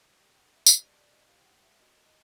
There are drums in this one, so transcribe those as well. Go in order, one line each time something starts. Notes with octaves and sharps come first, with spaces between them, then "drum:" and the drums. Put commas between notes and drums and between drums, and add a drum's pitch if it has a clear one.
G4 A#4 D5 G5
F#5
E5
E5, drum: tambourine
G4 B4 D5 D#5
D5
D5
D#5
E4 G4 C5 F5
G5
F#5
E5
F#4 A#4 D5 D#5
D#5